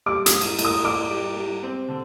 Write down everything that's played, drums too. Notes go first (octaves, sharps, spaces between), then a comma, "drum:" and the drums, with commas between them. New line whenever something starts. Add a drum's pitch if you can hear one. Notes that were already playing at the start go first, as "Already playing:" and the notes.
G3 D6
D#6, drum: hi-hat
G#2
drum: cymbal
G#2, drum: cymbal
D#6
G#2 D6
G3
G3
C4
D3